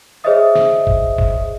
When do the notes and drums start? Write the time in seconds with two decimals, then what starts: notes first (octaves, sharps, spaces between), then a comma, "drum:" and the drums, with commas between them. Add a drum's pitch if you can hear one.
0.24 G#4 C5 C#5 D#5 E5 D#6
0.55 drum: snare
0.87 drum: kick
1.18 drum: kick